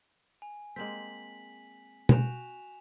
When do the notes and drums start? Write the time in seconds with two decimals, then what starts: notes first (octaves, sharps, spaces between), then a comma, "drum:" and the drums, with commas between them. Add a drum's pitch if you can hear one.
0.42 G#5
0.76 G#3 A#3 C4 B6 F#7
2.09 F#4 G5 G#5 E7 F7, drum: tom